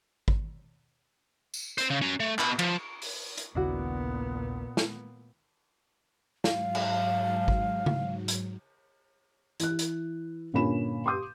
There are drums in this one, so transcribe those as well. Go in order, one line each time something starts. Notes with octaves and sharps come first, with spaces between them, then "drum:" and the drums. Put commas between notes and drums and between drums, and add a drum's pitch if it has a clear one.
drum: kick G#1
drum: tambourine
C4 C5, drum: hi-hat
C#3
C#4 A#5
A3
B2 B5, drum: clap
F3, drum: cymbal
drum: open hi-hat
drum: hi-hat
A#1 D#2 A#2 C#3 B3 D4 E4 F#4
drum: snare
G#2 F#3 F5, drum: snare
drum: cymbal
drum: kick G#1
drum: tom C#3
drum: hi-hat
E3 F#6, drum: hi-hat
drum: hi-hat
G2 A#2 D3 C#4 B5 E7
C6 D6 D#6 G6